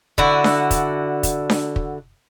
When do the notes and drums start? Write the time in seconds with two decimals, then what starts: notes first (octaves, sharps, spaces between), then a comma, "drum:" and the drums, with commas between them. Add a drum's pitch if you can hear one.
0.18 D3 E4 F#4, drum: kick
0.44 drum: snare D4
0.71 drum: kick, hi-hat
1.23 drum: kick, hi-hat
1.50 drum: snare D4
1.76 drum: kick